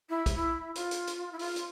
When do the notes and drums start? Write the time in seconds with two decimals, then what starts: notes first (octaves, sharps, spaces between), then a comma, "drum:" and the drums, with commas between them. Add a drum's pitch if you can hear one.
0.10 E4
0.26 drum: kick, hi-hat
0.36 E4
0.75 F4, drum: hi-hat
0.91 drum: hi-hat
1.07 drum: hi-hat
1.32 E4
1.39 F4, drum: open hi-hat
1.56 drum: hi-hat